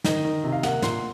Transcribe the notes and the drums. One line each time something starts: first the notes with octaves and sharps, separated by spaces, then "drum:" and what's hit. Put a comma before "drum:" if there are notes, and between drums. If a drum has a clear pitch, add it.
D#3 D#5, drum: snare
D#3
C3
F5
A#3 F#5, drum: snare
A#2 C6, drum: snare